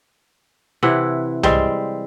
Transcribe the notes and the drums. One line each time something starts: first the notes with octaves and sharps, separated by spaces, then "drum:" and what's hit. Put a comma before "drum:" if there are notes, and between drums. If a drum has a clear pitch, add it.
C3 E3 E4 F#5
G3 G#3 C4, drum: tom C2